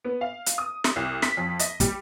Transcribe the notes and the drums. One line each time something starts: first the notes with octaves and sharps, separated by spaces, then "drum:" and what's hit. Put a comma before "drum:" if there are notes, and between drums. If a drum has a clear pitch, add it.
B3
F5
drum: hi-hat
D#6
drum: snare
C2
B6, drum: snare
F2
D#5, drum: hi-hat
G3, drum: kick, hi-hat